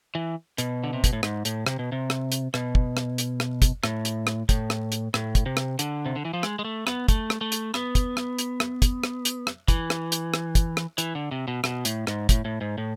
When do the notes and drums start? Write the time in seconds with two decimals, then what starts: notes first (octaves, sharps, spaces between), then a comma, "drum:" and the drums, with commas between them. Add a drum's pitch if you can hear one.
0.15 E3
0.58 B2, drum: hi-hat
0.84 D3
0.93 C3
1.04 B2, drum: kick, hi-hat
1.13 A2
1.23 G#2, drum: rim click
1.45 A2, drum: hi-hat
1.66 C3, drum: rim click
1.79 B2
1.92 C3
2.10 drum: rim click
2.32 drum: hi-hat
2.54 B2, drum: rim click
2.75 drum: kick
2.97 drum: rim click
3.18 drum: hi-hat
3.40 drum: rim click
3.62 drum: kick, hi-hat
3.84 A2, drum: rim click
4.05 drum: hi-hat
4.27 drum: rim click
4.49 A2, drum: kick, hi-hat
4.70 drum: rim click
4.92 drum: hi-hat
5.14 A2, drum: rim click
5.35 drum: kick, hi-hat
5.46 C3
5.57 drum: rim click
5.79 D3, drum: hi-hat
6.06 C3
6.16 D3
6.25 E3
6.33 F3
6.43 G#3, drum: rim click
6.59 G#3
6.65 A3
6.87 B3, drum: rim click
7.08 A3, drum: kick, hi-hat
7.30 drum: rim click
7.41 A3
7.52 drum: hi-hat
7.74 B3, drum: rim click
7.95 drum: kick, hi-hat
8.17 drum: rim click
8.39 drum: hi-hat
8.60 drum: rim click
8.82 drum: kick, hi-hat
9.04 drum: rim click
9.25 drum: hi-hat
9.47 drum: rim click
9.68 E3, drum: kick, hi-hat
9.90 drum: rim click
10.12 drum: hi-hat
10.34 drum: rim click
10.55 drum: kick, hi-hat
10.77 drum: rim click
10.98 E3, drum: hi-hat
11.15 D3
11.31 C3
11.48 B2
11.64 B2, drum: rim click
11.85 A2, drum: hi-hat
12.07 G#2, drum: rim click
12.29 A2, drum: kick, hi-hat
12.45 A2
12.61 G#2
12.78 A2